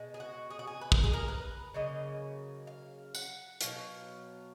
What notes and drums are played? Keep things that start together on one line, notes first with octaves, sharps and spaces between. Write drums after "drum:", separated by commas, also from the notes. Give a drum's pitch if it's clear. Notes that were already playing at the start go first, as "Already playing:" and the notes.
Already playing: B2 G#3
G#4
F#4
G#4
F#4
G#4
B4
A#4, drum: kick
G#4
A#4
B4
C#3 F#3 A#3 D#5
F5
F#5, drum: tambourine
B2 F#3 F5, drum: hi-hat